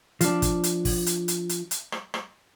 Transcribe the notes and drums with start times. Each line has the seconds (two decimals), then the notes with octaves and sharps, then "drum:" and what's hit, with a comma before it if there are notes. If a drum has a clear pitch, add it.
0.21 F3 D4, drum: hi-hat
0.42 drum: kick, hi-hat
0.64 drum: hi-hat
0.85 drum: kick, open hi-hat
1.06 drum: hi-hat
1.28 drum: hi-hat
1.49 drum: hi-hat
1.71 drum: hi-hat
1.92 drum: rim click
2.14 drum: rim click